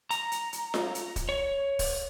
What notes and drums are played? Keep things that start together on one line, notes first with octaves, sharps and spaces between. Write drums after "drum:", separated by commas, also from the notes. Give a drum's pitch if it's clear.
A#5, drum: hi-hat
drum: hi-hat
drum: hi-hat
drum: snare F4
drum: hi-hat
drum: kick, hi-hat
C#5
drum: kick, open hi-hat